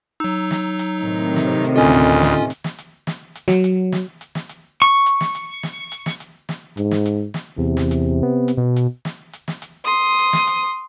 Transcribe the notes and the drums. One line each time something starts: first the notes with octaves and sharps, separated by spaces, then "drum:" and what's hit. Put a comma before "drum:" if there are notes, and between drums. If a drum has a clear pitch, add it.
F#3 D#4 E6
drum: snare
drum: hi-hat
A2 C3 D#3
drum: snare
drum: hi-hat
D2 C#4 F4 A4 D#5 G#5
drum: hi-hat
drum: snare
drum: hi-hat
drum: snare
drum: hi-hat
drum: snare
drum: hi-hat
F#3, drum: snare
drum: hi-hat
drum: snare
drum: hi-hat
drum: snare
drum: hi-hat
C#6
drum: hi-hat
drum: snare
drum: hi-hat
drum: snare
drum: hi-hat
drum: snare
drum: hi-hat
drum: snare
G#2, drum: hi-hat
drum: snare
drum: hi-hat
drum: snare
E2 C3
drum: snare
drum: hi-hat
B3
drum: hi-hat
B2
drum: hi-hat
drum: snare
drum: hi-hat
drum: snare
drum: hi-hat
C6 D#6
drum: hi-hat
drum: snare
drum: hi-hat